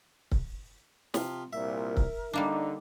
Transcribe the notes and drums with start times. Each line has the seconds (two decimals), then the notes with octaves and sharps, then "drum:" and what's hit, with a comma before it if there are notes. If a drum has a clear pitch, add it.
0.32 drum: kick C#1
1.14 C3 F3, drum: snare
1.53 C2 A#2 A#4 E5
1.97 drum: kick C#1
2.33 D3 G3 A#3 D4 D#4